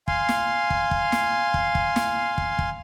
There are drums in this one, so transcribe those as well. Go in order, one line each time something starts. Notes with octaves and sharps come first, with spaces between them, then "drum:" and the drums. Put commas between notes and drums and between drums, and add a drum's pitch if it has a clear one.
F5 G#5 C6, drum: kick
drum: snare
drum: kick
drum: kick
drum: snare
drum: kick
drum: kick
drum: snare
drum: kick
drum: kick